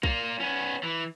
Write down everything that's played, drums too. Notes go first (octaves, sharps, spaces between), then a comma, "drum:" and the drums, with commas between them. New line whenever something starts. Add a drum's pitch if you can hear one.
A#3 F4, drum: kick B1
B3 C#4
E3